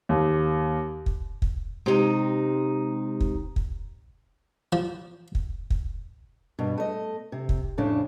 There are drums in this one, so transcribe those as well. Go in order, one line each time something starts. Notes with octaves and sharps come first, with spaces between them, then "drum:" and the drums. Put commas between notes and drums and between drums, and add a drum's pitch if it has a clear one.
D#2
drum: kick
drum: kick
C3 G#3 D#4 G4
drum: kick
drum: kick
F3
drum: kick
drum: kick
G2 B2
A3 D#5
C3
drum: kick
F2 A2 C#3 D4